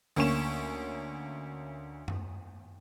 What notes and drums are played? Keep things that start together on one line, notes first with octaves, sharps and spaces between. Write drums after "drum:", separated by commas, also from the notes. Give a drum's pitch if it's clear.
D2 A#3 C#4 C#6 E7, drum: open hi-hat
drum: tom F#2